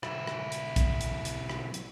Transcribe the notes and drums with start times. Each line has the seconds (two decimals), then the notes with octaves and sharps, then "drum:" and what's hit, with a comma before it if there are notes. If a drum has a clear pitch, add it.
0.03 B1 E4, drum: rim click
0.27 drum: rim click
0.52 drum: hi-hat
0.76 drum: kick, hi-hat
1.01 drum: hi-hat
1.25 drum: hi-hat
1.50 drum: rim click
1.74 drum: hi-hat